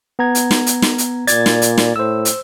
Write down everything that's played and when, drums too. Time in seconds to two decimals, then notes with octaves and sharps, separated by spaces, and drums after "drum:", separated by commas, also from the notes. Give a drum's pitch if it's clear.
0.19 B3 A#5 G#6
0.35 drum: hi-hat
0.51 drum: snare
0.66 drum: hi-hat
0.82 drum: snare
0.98 drum: hi-hat
1.27 A#2 D5 G#6 A6, drum: hi-hat
1.46 drum: snare
1.62 drum: hi-hat
1.78 drum: snare
1.96 A2 C5 E6
2.25 drum: hi-hat